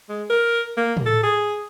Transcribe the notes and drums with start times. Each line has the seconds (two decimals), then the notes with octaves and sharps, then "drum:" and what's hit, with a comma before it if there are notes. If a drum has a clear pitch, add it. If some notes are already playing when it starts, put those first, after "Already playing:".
0.09 G#3
0.30 A#4
0.77 A#3
0.97 drum: tom
1.06 A4
1.23 G#4